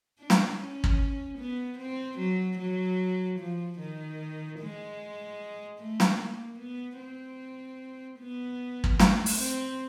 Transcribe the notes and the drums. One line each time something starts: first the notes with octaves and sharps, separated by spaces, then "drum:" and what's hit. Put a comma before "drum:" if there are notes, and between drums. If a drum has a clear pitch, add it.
D4
drum: snare
C#4
drum: kick
B3
C4
F#3
F#3
F3
D#3
G#3
A3
drum: snare
A#3
B3
C4
B3
drum: kick
A3, drum: snare
drum: open hi-hat
C4